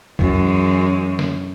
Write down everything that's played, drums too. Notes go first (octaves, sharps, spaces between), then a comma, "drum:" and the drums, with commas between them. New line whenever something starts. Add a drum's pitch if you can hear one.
F#2 E3 G#3, drum: kick
drum: snare